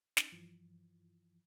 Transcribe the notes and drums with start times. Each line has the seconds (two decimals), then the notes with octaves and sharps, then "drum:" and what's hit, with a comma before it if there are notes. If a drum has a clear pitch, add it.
0.17 C#4 D#4, drum: snare
0.32 G2 E3 F3